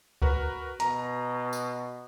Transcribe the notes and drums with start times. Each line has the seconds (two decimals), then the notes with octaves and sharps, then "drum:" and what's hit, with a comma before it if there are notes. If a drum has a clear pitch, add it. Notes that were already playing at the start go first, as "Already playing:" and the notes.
0.22 F#4 A#4 B4, drum: kick C#2
0.80 B2 A#5, drum: hi-hat
1.53 drum: tambourine